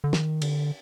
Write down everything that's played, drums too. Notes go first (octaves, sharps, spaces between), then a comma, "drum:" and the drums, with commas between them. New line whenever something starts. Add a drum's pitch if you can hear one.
D3
D#3, drum: snare
D3, drum: cymbal